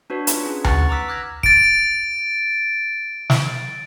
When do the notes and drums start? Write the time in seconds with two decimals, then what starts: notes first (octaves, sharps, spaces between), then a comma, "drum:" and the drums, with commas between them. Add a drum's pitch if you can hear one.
0.10 D4 F#4 B4 C#5
0.27 D#4 F4 F#4, drum: hi-hat
0.43 C#4 D#4 G#4
0.64 B4 F#5 C#6 F6 F#6 A6, drum: tom D2
0.89 A#5 D6 E6 B6
1.08 D6 F6 F#6 G#6 A#6 B6
1.43 A6 D7, drum: kick
3.30 drum: snare